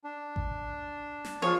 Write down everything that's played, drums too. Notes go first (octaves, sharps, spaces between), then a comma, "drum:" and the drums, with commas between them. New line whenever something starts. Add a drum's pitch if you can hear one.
D4
drum: kick A1
drum: snare
F3 F4 G#4 C#5